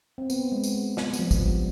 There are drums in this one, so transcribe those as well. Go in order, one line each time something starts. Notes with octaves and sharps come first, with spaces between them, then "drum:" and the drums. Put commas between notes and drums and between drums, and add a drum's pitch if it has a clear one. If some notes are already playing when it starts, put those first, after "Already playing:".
C4
B3, drum: tambourine
G#3
drum: tambourine
G#3
B3, drum: snare
G3, drum: tambourine
F3
drum: kick, tambourine
G3